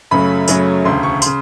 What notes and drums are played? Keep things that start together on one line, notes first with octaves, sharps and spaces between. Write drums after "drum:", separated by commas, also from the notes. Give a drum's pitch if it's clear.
F#2 C#3 F#3 A3 C#4 B5
F#2 C#3 F#3 A3 C#4, drum: tambourine
E1 D2 C#3 C6
C#6
C#3 C6, drum: tambourine